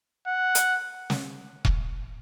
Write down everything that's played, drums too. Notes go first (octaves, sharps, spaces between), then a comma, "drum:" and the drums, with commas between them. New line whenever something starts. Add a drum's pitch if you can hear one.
F#5
drum: hi-hat
drum: snare
drum: kick E1